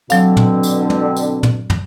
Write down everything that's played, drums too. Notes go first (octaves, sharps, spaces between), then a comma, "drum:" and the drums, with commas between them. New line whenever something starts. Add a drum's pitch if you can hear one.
B2 D3 F#3 C4 F5, drum: tambourine
drum: tom
drum: tambourine
drum: tom
drum: tambourine
drum: tom
drum: tom